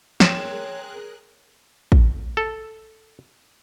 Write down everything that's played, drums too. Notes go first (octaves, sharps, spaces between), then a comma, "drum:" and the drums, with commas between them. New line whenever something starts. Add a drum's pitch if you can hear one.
C4 G#4 A#4 C#5 F#6 E7, drum: snare
drum: kick
A4